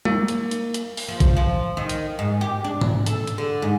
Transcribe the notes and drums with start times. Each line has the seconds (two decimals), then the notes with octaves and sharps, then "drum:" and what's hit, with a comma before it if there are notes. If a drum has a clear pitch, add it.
0.05 A#3, drum: tom G3
0.28 drum: hi-hat
0.51 drum: hi-hat
0.74 drum: hi-hat
0.97 drum: open hi-hat
1.08 F3
1.20 drum: kick A1, hi-hat
1.37 F3
1.77 D#3
1.89 drum: hi-hat
2.19 G#2
2.41 G4
2.64 D4
2.81 drum: tom
3.06 A4, drum: hi-hat
3.27 drum: hi-hat
3.38 D3
3.62 G#2